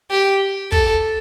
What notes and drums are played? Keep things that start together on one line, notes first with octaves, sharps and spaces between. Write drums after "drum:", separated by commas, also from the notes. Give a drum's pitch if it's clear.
G4
A4, drum: kick